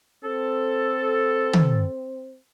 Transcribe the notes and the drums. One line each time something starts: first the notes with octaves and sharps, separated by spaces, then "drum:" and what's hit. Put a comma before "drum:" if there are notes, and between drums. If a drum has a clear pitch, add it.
C4 A4
drum: tom